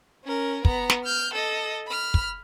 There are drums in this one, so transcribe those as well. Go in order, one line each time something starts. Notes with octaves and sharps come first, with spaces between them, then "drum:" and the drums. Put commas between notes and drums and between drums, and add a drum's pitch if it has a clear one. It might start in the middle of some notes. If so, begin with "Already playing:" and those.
C#4 A#4
B3 A#5, drum: kick
drum: snare
F6 G6
A4 D#5
B5 F6
drum: kick